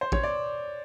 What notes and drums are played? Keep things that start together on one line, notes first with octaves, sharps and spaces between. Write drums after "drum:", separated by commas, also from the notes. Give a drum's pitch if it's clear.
C5
C#5, drum: kick
D5